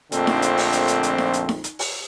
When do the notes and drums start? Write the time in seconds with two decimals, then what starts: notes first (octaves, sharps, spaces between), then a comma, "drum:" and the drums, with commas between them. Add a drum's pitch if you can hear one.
0.12 A#1 F2 D3 A3 C4, drum: hi-hat
0.27 drum: snare D#4
0.42 drum: hi-hat
0.57 drum: open hi-hat
0.73 drum: hi-hat
0.88 drum: hi-hat
1.03 drum: hi-hat
1.18 drum: snare D#4
1.33 drum: hi-hat
1.49 drum: snare D#4
1.64 drum: hi-hat
1.79 drum: open hi-hat